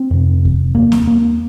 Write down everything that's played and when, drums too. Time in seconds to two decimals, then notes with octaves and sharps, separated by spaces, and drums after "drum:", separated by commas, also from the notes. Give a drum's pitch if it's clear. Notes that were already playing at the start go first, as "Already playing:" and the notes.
Already playing: C4
0.11 F2 C3
0.45 drum: kick D#2
0.75 D#2 A#3
0.92 drum: snare C4
1.07 A#3